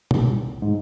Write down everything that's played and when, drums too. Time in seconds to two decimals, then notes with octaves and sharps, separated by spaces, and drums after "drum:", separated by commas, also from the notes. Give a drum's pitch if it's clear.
0.11 C2, drum: tom
0.62 G#2